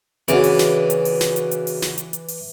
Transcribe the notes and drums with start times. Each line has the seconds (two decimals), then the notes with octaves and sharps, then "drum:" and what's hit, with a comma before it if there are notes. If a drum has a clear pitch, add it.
0.28 C#3 E3 C#4 D4 F#4, drum: hi-hat
0.44 drum: open hi-hat
0.59 drum: snare
0.90 drum: hi-hat
1.05 drum: open hi-hat
1.21 drum: snare
1.36 drum: hi-hat
1.51 drum: hi-hat
1.67 drum: open hi-hat
1.82 drum: snare
1.98 drum: hi-hat
2.13 drum: hi-hat
2.28 drum: open hi-hat